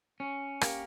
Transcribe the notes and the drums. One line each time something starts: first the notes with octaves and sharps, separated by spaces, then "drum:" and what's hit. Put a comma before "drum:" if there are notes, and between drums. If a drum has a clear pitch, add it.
C#4
A#3 G4, drum: rim click